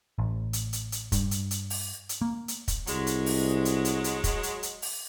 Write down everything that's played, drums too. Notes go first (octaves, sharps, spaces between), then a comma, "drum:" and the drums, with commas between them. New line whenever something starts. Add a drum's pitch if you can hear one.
A1
drum: hi-hat
drum: hi-hat
drum: hi-hat
G2, drum: kick, hi-hat
drum: hi-hat
drum: hi-hat
drum: open hi-hat
drum: hi-hat
A#3
drum: hi-hat
drum: kick, hi-hat
C2 F#3 G#3, drum: hi-hat
drum: hi-hat
drum: open hi-hat
drum: hi-hat
drum: hi-hat
drum: hi-hat
drum: kick, hi-hat
drum: hi-hat
drum: hi-hat
drum: open hi-hat